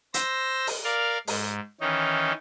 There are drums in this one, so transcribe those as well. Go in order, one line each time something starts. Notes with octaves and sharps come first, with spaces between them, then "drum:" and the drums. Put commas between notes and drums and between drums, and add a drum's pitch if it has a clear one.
C5 E6 A#6, drum: hi-hat
drum: open hi-hat
A#4 D5 F5
G#2, drum: open hi-hat
D#3 E3 C#4 D#4